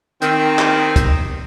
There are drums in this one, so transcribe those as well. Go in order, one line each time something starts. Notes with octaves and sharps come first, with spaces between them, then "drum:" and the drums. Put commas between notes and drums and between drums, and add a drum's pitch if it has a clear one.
D#3 C4, drum: hi-hat
drum: clap
drum: kick, hi-hat